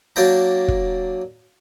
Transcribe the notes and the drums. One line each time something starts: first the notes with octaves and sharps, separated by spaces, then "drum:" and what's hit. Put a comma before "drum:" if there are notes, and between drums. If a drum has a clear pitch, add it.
F#3 A#3 D4 G5 A#5
drum: kick